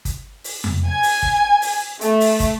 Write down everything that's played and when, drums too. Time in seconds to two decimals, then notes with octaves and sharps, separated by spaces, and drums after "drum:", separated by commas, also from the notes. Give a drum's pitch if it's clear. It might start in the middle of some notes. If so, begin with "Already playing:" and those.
0.05 drum: kick, hi-hat
0.44 drum: open hi-hat
0.64 drum: tom F2
0.88 G#5
1.03 drum: open hi-hat
1.23 drum: kick
1.62 drum: open hi-hat
2.01 A3, drum: hi-hat
2.20 drum: open hi-hat
2.40 drum: kick, hi-hat